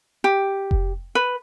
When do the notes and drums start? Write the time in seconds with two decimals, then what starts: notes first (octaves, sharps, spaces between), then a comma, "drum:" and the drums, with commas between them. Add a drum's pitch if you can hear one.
0.24 G4
0.71 drum: kick F1
1.15 B4